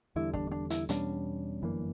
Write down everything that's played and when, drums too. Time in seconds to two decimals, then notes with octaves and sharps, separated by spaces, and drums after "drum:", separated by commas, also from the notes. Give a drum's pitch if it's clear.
0.16 E2 D3 G3 E4
0.34 D4, drum: kick
0.51 D4
0.70 E4, drum: hi-hat
0.89 E2 B2 G3 C#4 D4, drum: hi-hat
1.62 G1 F#2 E3 A#3